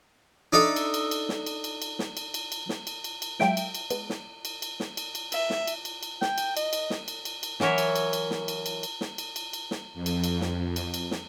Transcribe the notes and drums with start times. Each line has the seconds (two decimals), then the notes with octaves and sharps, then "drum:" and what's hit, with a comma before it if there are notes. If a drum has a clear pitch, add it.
0.53 D4 D#4 A4 E5
0.76 drum: cymbal
0.94 drum: cymbal
1.11 drum: cymbal
1.29 drum: snare
1.46 drum: cymbal
1.64 drum: cymbal
1.82 drum: cymbal
1.99 drum: snare
2.17 drum: cymbal
2.34 drum: cymbal
2.52 drum: cymbal
2.69 drum: snare
2.87 drum: cymbal
3.04 drum: cymbal
3.22 drum: cymbal
3.39 F#3 G#3 F4 E5 G5 D7, drum: snare
3.57 drum: cymbal
3.75 drum: cymbal
3.90 G#3 B3, drum: cymbal
4.10 drum: snare
4.45 drum: cymbal
4.62 drum: cymbal
4.80 drum: snare
4.97 drum: cymbal
5.15 drum: cymbal
5.32 E5, drum: cymbal
5.50 drum: snare
5.67 drum: cymbal
5.85 drum: cymbal
6.03 drum: cymbal
6.22 G5, drum: snare
6.38 drum: cymbal
6.57 D#5, drum: cymbal
6.73 drum: cymbal
6.90 drum: snare
7.08 drum: cymbal
7.25 drum: cymbal
7.43 drum: cymbal
7.60 E3 F#3 A#4 C#5 E5, drum: snare
7.78 drum: cymbal
7.96 drum: cymbal
8.13 drum: cymbal
8.31 drum: snare
8.48 drum: cymbal
8.66 drum: cymbal
8.83 drum: cymbal
9.01 drum: snare
9.18 drum: cymbal
9.36 drum: cymbal
9.53 drum: cymbal
9.71 drum: snare
9.94 F2
10.06 drum: cymbal
10.24 drum: cymbal
10.41 drum: snare
10.76 drum: cymbal
10.94 drum: cymbal
11.11 drum: snare